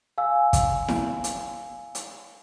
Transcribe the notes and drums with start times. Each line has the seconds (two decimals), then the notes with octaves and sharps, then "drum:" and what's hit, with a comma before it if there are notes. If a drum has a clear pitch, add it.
0.18 F5 G#5 E6
0.53 drum: kick, hi-hat
0.88 drum: snare E4
1.24 drum: hi-hat
1.95 drum: hi-hat